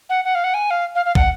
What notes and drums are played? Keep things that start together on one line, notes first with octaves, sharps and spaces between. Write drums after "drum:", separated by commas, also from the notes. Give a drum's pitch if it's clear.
F#5
F#5
F5
F#5
G#5
F5
F5
F5
F#5, drum: kick